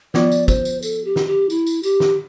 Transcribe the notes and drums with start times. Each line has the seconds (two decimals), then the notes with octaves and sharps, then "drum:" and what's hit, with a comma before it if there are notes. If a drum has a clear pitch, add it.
0.14 F3 B3 F4 D5, drum: snare
0.32 drum: tambourine
0.48 C5, drum: kick, tambourine
0.65 drum: tambourine
0.83 A4, drum: tambourine
1.05 G4
1.16 drum: snare
1.27 G4
1.50 E4, drum: tambourine
1.67 drum: tambourine
1.83 G4, drum: tambourine
2.00 drum: snare